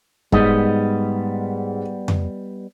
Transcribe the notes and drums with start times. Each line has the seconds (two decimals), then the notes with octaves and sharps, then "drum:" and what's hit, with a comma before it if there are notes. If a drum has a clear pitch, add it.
0.32 G#2 G3 B3 D#5, drum: kick
2.08 drum: tom F2